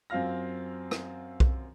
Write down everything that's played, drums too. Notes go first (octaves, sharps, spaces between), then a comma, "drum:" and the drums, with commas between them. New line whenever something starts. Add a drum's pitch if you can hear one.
F#2 C4 F4 F5 F6 A#6
drum: rim click
drum: kick B1